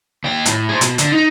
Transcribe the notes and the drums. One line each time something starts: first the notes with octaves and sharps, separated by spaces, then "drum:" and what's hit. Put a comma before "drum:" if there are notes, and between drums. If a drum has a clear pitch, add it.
D#2 G5
A2, drum: hi-hat
G#4 C5
B2, drum: hi-hat
D3, drum: hi-hat
D#4